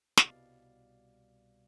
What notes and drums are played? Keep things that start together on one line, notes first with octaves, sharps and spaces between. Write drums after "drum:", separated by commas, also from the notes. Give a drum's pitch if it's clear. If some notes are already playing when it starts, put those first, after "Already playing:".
C2 B2 G3 D5 F5, drum: snare